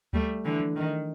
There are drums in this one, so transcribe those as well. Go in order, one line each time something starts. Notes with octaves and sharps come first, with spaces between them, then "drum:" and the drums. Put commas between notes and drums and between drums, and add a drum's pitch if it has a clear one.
G3 A3, drum: kick D2
D3 E3
drum: tom E3
D#3